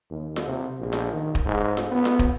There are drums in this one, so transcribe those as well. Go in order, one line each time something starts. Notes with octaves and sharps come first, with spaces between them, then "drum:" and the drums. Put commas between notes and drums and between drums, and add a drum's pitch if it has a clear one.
D#2
drum: snare F4
C3
A#1
drum: snare F4
D#3
drum: kick
G#2
drum: snare F4
B3
drum: snare F4
drum: kick